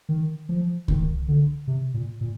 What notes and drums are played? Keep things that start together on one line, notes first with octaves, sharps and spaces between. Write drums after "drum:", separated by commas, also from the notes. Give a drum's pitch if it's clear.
D#3
F3
D#3, drum: kick C2
D3
C3
A#2
A#2